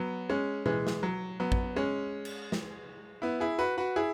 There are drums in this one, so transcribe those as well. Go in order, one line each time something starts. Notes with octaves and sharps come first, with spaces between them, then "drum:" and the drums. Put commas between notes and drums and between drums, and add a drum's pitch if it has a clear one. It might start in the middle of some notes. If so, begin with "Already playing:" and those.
Already playing: F#3 B3
G#3 C#4
E3 G#3, drum: tom B2
drum: snare
F#3
F#3 B3
drum: kick
G#3 C#4
drum: cymbal
drum: snare
B3 E4
E4 G#4
F#4 B4
F#4 B4
E4 G#4